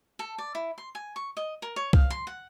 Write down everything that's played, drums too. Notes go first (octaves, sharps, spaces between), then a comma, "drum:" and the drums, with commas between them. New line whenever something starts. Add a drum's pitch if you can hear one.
A4
D5
E4
C6
G#5
C#6
D#5
A#4
C#5
F5, drum: kick C2
C6
F#5